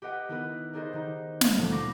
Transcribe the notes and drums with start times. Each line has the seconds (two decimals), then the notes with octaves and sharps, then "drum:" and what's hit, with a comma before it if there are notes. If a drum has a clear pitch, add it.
0.02 G4 B4 D#5 F#5 G5
0.29 D#3 B3 D#4 E4 A#4 B4
0.73 D4 D#4 G#4 A#4 C5 D#5
0.93 D#3 D#4
1.41 drum: snare
1.56 D2 A#2 A5
1.71 B5 C#6 D6 A#6 C7